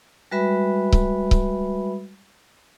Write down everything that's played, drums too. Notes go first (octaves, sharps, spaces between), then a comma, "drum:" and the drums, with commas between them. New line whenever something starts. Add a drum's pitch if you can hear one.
G3 G#3 F#4 B4 E5 B5
drum: kick C#1
drum: kick C#1